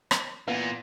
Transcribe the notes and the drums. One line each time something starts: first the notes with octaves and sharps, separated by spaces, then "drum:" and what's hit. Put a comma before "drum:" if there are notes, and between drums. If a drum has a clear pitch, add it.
drum: rim click
A#2 E3 B3